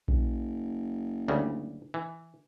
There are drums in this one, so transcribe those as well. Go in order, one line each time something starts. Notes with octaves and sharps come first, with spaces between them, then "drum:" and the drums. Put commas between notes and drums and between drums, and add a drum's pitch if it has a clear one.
F#1, drum: kick A#1
D2 C#3 G3
E3